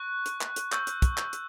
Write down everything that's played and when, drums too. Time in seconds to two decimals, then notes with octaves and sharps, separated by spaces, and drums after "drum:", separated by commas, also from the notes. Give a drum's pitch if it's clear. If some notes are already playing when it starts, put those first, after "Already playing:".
Already playing: C#6 F#6
0.26 drum: hi-hat
0.41 drum: clap
0.56 drum: hi-hat
0.72 C#6 E6 G6, drum: clap
0.87 drum: hi-hat
1.02 drum: kick, hi-hat
1.17 G6, drum: clap
1.33 drum: hi-hat